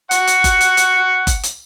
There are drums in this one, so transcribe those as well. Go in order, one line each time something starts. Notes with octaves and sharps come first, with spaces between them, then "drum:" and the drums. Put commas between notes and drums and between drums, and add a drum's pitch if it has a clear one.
F#5 C#6, drum: hi-hat
drum: hi-hat
drum: kick F#1, hi-hat
drum: hi-hat
drum: hi-hat
drum: kick F#1, hi-hat
drum: hi-hat